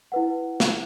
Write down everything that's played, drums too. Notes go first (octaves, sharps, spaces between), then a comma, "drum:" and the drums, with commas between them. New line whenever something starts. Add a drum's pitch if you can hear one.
E4 B4 F#5
drum: snare